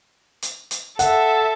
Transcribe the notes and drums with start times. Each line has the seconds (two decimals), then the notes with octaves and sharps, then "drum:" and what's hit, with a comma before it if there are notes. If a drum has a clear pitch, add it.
0.42 drum: hi-hat
0.71 drum: hi-hat
0.99 A4 E5 F#5, drum: hi-hat